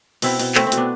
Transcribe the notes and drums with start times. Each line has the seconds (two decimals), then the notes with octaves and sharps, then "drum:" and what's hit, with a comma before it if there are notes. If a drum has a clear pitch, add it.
0.22 B2 C4 E4, drum: open hi-hat
0.39 B2, drum: open hi-hat
0.55 A3 C4 E4, drum: clap
0.67 C4
0.72 B2, drum: hi-hat
0.77 B3 D4